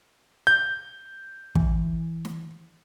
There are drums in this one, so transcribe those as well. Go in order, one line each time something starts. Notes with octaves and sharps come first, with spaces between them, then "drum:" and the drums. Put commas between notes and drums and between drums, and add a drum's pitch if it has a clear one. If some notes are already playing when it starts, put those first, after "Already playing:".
G6
E3, drum: kick
drum: snare